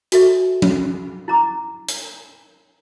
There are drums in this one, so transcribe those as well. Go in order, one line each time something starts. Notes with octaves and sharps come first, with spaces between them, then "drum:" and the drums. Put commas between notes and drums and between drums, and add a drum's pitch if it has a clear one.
F#4 A4 E5, drum: hi-hat
drum: tom F3
E4 A#5 D6
drum: hi-hat